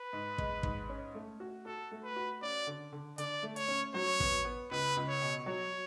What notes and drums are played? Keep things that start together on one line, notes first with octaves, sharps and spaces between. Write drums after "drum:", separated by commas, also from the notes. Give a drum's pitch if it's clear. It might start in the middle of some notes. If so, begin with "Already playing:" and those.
Already playing: B4
G#2
G#3, drum: kick
G#2, drum: kick
C#4
A3
F#4
F#4 A4
A3
B4
F#4
C#4 D5
D3
D3
D3 D5, drum: hi-hat
A3
C#5, drum: hi-hat
C#4
F#3 C#5
B3, drum: kick
B3
C#2 B4
C#2
C#5
B2
F#3 C#5